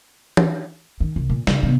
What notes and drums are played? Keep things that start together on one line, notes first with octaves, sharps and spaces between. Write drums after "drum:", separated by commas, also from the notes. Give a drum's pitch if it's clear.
drum: tom E3
D#3
C2
A#2
C#3, drum: snare
C3 B3